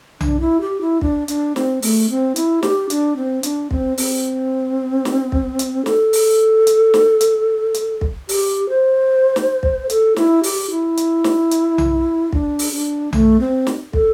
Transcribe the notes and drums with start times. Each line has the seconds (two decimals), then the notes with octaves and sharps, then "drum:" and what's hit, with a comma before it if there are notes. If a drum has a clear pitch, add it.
0.21 D4, drum: tom B1
0.40 E4
0.61 G4
0.81 E4
1.01 D4, drum: kick
1.28 D4, drum: hi-hat
1.56 C4, drum: snare
1.82 A3, drum: open hi-hat
2.10 C4
2.36 E4, drum: hi-hat
2.63 G4, drum: snare
2.90 D4, drum: hi-hat
3.17 C4
3.43 D4, drum: hi-hat
3.71 C4, drum: kick
3.98 C4, drum: open hi-hat
5.05 drum: snare
5.32 drum: kick
5.59 drum: hi-hat
5.86 A4, drum: snare
6.13 drum: open hi-hat
6.67 drum: hi-hat
6.94 drum: snare
7.21 drum: hi-hat
7.74 drum: hi-hat
8.01 drum: kick
8.29 G4, drum: open hi-hat
8.69 C5
9.36 drum: snare
9.63 drum: kick
9.90 A4, drum: hi-hat
10.16 E4, drum: snare
10.43 G4, drum: open hi-hat
10.71 E4
10.97 drum: hi-hat
11.24 drum: snare
11.51 drum: hi-hat
11.78 drum: tom B1
12.32 D4, drum: kick
12.59 drum: open hi-hat
12.72 D4
13.13 A3, drum: tom B1
13.40 C4
13.67 drum: snare
13.93 A4, drum: kick